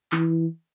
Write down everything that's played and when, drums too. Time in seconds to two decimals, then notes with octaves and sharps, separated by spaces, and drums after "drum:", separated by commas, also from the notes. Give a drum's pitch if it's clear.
0.12 E3, drum: clap